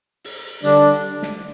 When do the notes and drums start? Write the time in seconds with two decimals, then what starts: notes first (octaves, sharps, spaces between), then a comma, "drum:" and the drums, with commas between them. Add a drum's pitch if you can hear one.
0.24 drum: open hi-hat
0.63 D3 G3 D4, drum: hi-hat
1.23 drum: snare